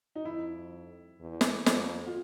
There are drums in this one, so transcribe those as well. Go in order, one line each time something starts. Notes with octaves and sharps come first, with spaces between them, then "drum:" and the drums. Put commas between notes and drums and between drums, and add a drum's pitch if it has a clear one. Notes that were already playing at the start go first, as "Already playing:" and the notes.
D#4
F2 E4
E2
drum: snare
F2, drum: snare
F4